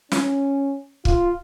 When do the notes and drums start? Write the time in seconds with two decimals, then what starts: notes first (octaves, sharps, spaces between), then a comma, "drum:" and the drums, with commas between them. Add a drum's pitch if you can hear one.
0.12 C#4, drum: snare
1.05 F4, drum: kick